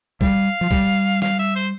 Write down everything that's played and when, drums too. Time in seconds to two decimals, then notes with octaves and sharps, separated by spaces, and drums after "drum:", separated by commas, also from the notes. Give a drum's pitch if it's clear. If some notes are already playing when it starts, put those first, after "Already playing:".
0.21 G3 F5, drum: kick
0.61 F3
0.71 G3, drum: kick
1.22 F5, drum: snare
1.39 E5
1.55 C5